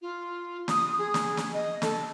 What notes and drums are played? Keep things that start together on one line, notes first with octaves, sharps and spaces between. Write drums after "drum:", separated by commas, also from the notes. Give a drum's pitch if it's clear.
F4
D#6, drum: snare
G#4
drum: snare
drum: snare
D#5
A4, drum: snare